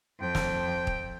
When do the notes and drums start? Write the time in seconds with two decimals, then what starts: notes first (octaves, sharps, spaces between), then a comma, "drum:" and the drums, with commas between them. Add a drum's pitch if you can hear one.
0.22 F2 F3 G5
0.35 drum: snare
0.87 drum: kick